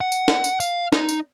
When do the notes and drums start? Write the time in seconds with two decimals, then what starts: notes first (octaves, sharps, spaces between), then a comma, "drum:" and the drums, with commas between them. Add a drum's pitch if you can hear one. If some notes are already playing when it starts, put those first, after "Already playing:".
0.01 F#5
0.12 drum: tambourine
0.28 drum: snare
0.44 drum: tambourine
0.60 F5, drum: tambourine
0.93 D#4, drum: snare
1.09 drum: tambourine